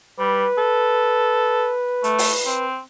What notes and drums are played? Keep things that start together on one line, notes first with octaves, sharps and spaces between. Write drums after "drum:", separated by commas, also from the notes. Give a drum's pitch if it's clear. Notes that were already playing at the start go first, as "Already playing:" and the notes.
G3 B4
A4
A3, drum: hi-hat
drum: open hi-hat
C4